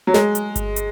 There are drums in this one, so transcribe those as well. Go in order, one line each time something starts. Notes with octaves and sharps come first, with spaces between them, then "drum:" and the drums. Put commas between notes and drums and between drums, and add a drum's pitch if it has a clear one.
F#3
G#3, drum: snare
drum: hi-hat
drum: kick G1, hi-hat
drum: hi-hat